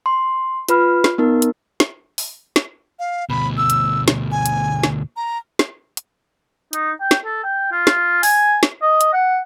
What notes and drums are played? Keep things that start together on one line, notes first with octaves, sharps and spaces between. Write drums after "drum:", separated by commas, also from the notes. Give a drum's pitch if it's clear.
C6
F4 B4 B5 F6, drum: hi-hat
drum: snare
B3 D#4 A#4
drum: hi-hat
drum: snare
drum: open hi-hat
drum: snare
F5
D2 B2 B5
E6
drum: hi-hat
drum: snare
G#5
drum: hi-hat
drum: snare
A#5
drum: snare
drum: hi-hat
D#4, drum: hi-hat
G5
drum: snare
A4
G5
F4
drum: snare
G#5, drum: open hi-hat
drum: snare
D#5
drum: hi-hat
F#5